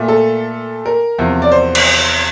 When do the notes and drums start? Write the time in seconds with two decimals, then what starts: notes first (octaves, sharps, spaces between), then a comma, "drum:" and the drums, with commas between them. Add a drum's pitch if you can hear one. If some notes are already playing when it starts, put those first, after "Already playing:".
Already playing: A#2 A3
0.08 A4
0.86 A#4
1.18 E2 C3 F3
1.42 D5
1.52 C5
1.75 drum: cymbal